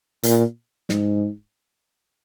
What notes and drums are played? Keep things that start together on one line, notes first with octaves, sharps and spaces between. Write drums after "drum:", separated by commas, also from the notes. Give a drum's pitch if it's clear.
A#2, drum: hi-hat
G#2, drum: snare